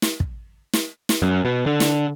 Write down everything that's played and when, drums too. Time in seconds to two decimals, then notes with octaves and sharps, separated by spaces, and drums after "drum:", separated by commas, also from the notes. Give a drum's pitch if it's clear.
0.02 drum: snare
0.20 drum: kick
0.73 drum: snare
1.09 drum: snare
1.22 F#2
1.45 B2
1.66 D3
1.80 drum: snare